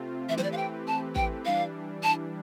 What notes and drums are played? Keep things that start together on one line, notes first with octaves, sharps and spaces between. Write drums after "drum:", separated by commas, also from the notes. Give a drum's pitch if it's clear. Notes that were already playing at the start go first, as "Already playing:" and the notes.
Already playing: C3 A3 C4 F4
E3 A3 C4 G4 B4 E5
C5, drum: snare
D5
F5
G5
A5
G5, drum: kick A1
E3 G3 D4 F5
A5